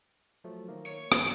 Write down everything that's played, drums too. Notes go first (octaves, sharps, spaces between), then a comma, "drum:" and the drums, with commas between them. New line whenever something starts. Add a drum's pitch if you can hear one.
F3 F#3 A3
D#3 A#3 D#4
C#5
G#1 D#2 C6, drum: rim click